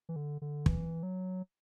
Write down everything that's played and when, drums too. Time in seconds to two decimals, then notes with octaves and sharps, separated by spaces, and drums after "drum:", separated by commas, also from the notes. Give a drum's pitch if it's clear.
0.09 E3
0.16 D3
0.42 D3
0.66 E3, drum: kick
1.03 F#3